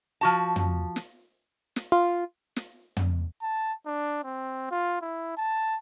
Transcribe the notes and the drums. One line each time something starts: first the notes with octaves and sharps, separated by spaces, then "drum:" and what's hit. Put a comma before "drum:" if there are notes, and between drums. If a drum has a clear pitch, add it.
F3 F#4 A5
drum: tom
drum: snare
drum: snare
F4
drum: snare
drum: tom
A5
D4
C4
F4
E4
A5